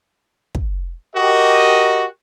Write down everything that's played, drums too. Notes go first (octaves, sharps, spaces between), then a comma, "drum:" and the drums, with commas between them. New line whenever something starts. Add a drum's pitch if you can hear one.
drum: kick
F#4 G4 A#4 D#5